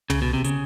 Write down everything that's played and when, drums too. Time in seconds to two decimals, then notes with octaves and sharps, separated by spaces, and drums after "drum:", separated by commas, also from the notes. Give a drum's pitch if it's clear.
0.10 C#3, drum: tom
0.22 B2
0.33 C3
0.44 C#3, drum: hi-hat